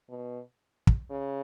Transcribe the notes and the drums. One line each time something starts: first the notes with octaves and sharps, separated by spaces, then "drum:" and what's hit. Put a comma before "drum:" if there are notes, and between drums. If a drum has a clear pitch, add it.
B2
drum: kick
C#3